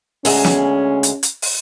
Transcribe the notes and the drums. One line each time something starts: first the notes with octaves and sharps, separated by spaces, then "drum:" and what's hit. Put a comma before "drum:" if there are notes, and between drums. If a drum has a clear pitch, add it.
D2 G#3 C#4, drum: open hi-hat
drum: snare
drum: hi-hat
drum: hi-hat
drum: open hi-hat